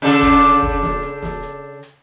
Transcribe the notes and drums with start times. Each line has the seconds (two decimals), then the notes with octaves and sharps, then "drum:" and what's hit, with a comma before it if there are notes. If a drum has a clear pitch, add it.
0.02 C#3 D4 A4
0.22 drum: kick, hi-hat
0.62 drum: kick, hi-hat
0.82 drum: snare
1.02 drum: hi-hat
1.23 drum: snare
1.43 drum: hi-hat
1.83 drum: hi-hat